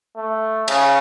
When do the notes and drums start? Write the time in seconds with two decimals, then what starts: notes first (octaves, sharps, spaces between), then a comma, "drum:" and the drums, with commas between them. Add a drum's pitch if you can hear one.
0.16 A3
0.68 C#3, drum: cymbal